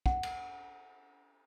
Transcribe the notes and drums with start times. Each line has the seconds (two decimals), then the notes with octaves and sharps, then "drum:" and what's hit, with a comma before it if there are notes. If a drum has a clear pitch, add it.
0.06 F#5, drum: kick
0.23 drum: cymbal